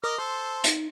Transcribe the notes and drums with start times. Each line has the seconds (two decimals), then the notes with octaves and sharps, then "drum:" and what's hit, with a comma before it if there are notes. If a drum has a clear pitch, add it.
0.04 A#4 D#5 D6 F6
0.18 A4 C5 C6
0.64 D#4, drum: hi-hat